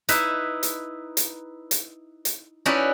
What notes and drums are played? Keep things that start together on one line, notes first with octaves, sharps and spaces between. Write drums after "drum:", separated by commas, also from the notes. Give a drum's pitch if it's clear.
D#4 E4 B4 E5, drum: hi-hat
drum: hi-hat
drum: hi-hat
drum: hi-hat
drum: hi-hat
C#4 D#4 E4 F#4 B4 D5